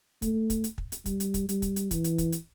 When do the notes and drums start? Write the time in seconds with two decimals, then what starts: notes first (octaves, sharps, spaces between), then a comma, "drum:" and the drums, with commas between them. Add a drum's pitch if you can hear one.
0.22 A3, drum: kick, hi-hat
0.50 drum: kick, hi-hat
0.64 drum: hi-hat
0.78 drum: kick
0.92 drum: hi-hat
1.06 G3, drum: kick, hi-hat
1.20 drum: hi-hat
1.34 drum: kick, hi-hat
1.49 G3, drum: hi-hat
1.62 drum: kick, hi-hat
1.76 drum: hi-hat
1.91 E3, drum: kick, hi-hat
2.04 drum: hi-hat
2.18 drum: kick, hi-hat
2.32 drum: hi-hat